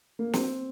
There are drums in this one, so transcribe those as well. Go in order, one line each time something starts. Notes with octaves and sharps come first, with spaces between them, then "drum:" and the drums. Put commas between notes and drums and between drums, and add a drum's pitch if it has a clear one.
A#3
C4, drum: snare